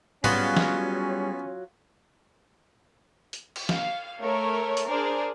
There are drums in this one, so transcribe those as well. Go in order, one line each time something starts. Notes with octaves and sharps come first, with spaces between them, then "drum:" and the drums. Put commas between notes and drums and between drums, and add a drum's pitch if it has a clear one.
F#3 G3 B3 C#4 F4 F#4 G#4, drum: tom G#2
drum: snare
drum: hi-hat
drum: cymbal
F5, drum: snare
A3 A#4 C#5
drum: hi-hat
D4 G#4 A#4 C5 D5